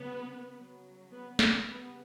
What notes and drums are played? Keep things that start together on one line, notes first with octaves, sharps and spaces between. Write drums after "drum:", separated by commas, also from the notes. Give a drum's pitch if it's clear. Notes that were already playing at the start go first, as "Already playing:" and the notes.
Already playing: C#3 F#3 B3 B4
C#3 F#3
B3 B4
A#3 A#4, drum: snare
C#3 G3 B3 B4